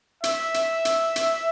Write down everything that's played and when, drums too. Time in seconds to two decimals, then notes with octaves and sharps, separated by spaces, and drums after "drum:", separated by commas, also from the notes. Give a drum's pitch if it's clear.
0.24 E5, drum: hi-hat
0.54 drum: hi-hat
0.85 drum: hi-hat
1.16 drum: hi-hat